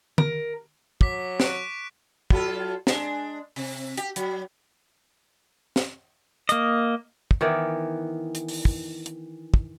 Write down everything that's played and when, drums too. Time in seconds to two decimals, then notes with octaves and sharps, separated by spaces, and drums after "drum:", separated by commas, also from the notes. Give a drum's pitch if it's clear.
0.18 A#4, drum: tom
1.01 F#3 D6 B6, drum: kick
1.40 C#6 F#6 D7, drum: snare
2.30 F#3 F4 A4, drum: kick
2.87 G#3 D4, drum: snare
3.56 C3, drum: open hi-hat
3.97 G4, drum: hi-hat
4.16 F#3, drum: hi-hat
5.76 drum: snare
6.49 A#3 D#5, drum: hi-hat
7.31 drum: kick
7.41 D#3 E3 B3 D5
8.35 drum: hi-hat
8.48 drum: open hi-hat
8.65 drum: kick
9.06 drum: hi-hat
9.54 drum: kick